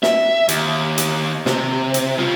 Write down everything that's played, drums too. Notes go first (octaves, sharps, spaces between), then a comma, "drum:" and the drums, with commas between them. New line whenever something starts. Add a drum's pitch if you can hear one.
E5, drum: snare
D#2, drum: hi-hat
drum: hi-hat
C3, drum: snare
drum: hi-hat
G3 F4